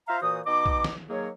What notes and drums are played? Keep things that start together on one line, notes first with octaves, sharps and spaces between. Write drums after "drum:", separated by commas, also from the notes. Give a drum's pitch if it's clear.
F4 C5 E5 F5 A#5
A#2 E3 F#4 C5 D#6
B2 D#4 D#5 D6
drum: kick B1
drum: snare
D#3 F#3 A#3 G#4 C#5